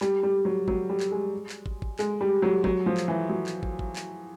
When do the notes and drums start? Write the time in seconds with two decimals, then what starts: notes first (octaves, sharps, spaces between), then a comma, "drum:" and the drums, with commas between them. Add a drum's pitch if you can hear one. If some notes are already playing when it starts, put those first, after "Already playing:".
0.01 G3, drum: clap
0.23 G3
0.45 F#3
0.68 F#3, drum: kick
0.90 G3
1.00 drum: clap
1.12 G#3
1.49 drum: clap
1.66 drum: kick
1.82 drum: kick
1.99 G#3, drum: clap
2.21 G3
2.42 F#3
2.64 F#3, drum: kick
2.86 F3
2.97 drum: clap
3.08 E3
3.29 F#3
3.46 drum: clap
3.63 drum: kick
3.79 drum: kick
3.96 drum: clap